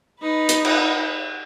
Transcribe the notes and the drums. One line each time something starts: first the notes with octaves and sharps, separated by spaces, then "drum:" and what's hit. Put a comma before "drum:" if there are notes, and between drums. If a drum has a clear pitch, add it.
D#4 B4
drum: hi-hat
drum: cymbal